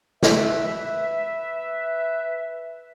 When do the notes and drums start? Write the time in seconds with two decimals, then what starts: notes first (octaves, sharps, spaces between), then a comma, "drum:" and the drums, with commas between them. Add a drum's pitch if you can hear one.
0.23 B4 E5, drum: snare